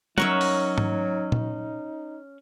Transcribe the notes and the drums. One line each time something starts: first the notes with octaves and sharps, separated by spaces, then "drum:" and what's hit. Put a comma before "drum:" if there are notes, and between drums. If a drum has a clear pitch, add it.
F#3 C#4 D#4 A#4 C#5 E5 F#5, drum: tom
drum: open hi-hat
drum: tom G#2
drum: tom A#2